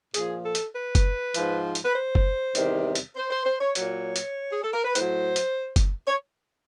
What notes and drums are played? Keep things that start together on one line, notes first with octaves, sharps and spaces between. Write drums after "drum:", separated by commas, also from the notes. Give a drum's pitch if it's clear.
A#2 F3 G#4, drum: hi-hat
A4
drum: hi-hat
B4
drum: kick F#1, hi-hat
G#2 F3, drum: hi-hat
drum: hi-hat
B4
C5
drum: kick F#1
E2 C3 D#3 G3, drum: hi-hat
drum: hi-hat
C5
C5
C5
C#5
A#2 F#3 C#5, drum: hi-hat
drum: hi-hat
G#4
A4
A#4
B4
A2 F#3 C5, drum: hi-hat
drum: hi-hat
drum: kick F#1, hi-hat
C#5